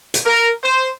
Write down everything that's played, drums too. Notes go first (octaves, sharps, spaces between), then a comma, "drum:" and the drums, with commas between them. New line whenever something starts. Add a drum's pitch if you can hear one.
drum: hi-hat
A#4
C5